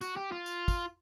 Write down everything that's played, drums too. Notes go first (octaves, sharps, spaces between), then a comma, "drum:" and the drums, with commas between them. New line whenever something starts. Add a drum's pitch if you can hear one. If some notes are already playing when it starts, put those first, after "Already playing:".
F#4, drum: tambourine
G4
F4
drum: tambourine
drum: kick, tambourine